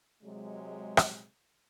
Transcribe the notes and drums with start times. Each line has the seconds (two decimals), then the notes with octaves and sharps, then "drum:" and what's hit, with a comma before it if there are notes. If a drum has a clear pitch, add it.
0.23 C3 F#3 G#3
0.97 drum: rim click